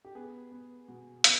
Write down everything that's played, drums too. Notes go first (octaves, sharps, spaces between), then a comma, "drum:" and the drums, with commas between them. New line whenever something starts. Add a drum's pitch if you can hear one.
G4
B3 G#4
B3
B2
B3, drum: hi-hat